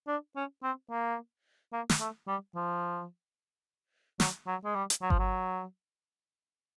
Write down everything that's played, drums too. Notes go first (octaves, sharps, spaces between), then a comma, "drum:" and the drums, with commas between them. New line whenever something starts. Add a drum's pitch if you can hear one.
D4
C#4
C4
A#3
A#3
drum: snare
A3
G3
F3
F#3, drum: snare
F#3
G#3
G3
drum: hi-hat
F#3
F3, drum: kick G1
F#3